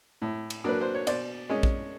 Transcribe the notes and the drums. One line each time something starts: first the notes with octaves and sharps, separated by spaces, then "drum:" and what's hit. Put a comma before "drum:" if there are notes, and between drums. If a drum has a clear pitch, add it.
A2
drum: cymbal
F#3 A#3 D4 B4
C5
C#5
B2 C5 D5, drum: cymbal
G#3 C#4
drum: kick A#1